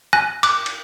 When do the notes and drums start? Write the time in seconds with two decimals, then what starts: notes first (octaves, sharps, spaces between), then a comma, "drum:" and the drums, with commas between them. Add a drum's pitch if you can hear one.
0.13 G#5 F#6 A#6
0.43 D6 F#6, drum: cymbal
0.66 drum: cymbal